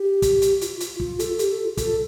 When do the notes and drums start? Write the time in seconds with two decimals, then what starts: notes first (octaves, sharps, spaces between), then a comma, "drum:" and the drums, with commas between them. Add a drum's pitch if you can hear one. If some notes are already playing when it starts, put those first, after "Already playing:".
Already playing: G4
0.22 drum: kick, hi-hat
0.42 drum: hi-hat
0.61 F4, drum: hi-hat
0.80 F4, drum: hi-hat
1.00 F4, drum: kick
1.19 A4, drum: hi-hat
1.39 G4, drum: hi-hat
1.52 A4
1.64 F4
1.77 A4, drum: kick, hi-hat